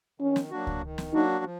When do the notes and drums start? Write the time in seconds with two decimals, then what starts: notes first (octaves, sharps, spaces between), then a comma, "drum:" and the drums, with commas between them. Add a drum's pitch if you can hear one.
0.20 D#3 C#4
0.36 drum: snare
0.51 F#3 A#3 D4 F#4
0.67 drum: kick C#2
0.83 D#3
0.98 drum: snare
1.13 F#3 A#3 D4 D#4 F#4
1.44 F3